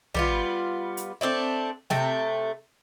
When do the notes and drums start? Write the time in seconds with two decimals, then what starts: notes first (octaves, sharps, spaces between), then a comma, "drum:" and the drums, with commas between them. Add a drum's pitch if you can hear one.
0.15 G3 B3 F4, drum: tom
0.97 drum: hi-hat
1.21 A3 C4 D4 E4
1.90 C3 A3 G5, drum: snare